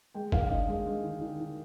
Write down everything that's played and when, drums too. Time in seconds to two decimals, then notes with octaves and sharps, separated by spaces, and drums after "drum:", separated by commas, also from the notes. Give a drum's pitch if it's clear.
0.14 G#3 G5
0.32 D#3 F5, drum: kick
0.50 D4 D#5
0.68 G#3 D#5
0.86 G#3
1.03 D#3
1.21 D#3
1.40 D#3